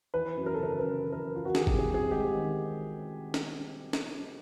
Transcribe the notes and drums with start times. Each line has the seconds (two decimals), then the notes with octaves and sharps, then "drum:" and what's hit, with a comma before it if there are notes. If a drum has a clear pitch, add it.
0.14 E3 B4
0.37 F#2
0.46 A#4
0.55 C#3 A4
0.63 A#4
0.79 F#2 B4
1.01 E3
1.13 A#4
1.23 F#2
1.36 F4
1.45 D#3 F#4
1.55 G#4, drum: snare
1.61 G4
1.67 C2, drum: kick G1
1.79 G#4
1.89 C3
1.94 G#4
2.11 G#3 G4
2.33 D#3
3.34 drum: snare
3.93 drum: snare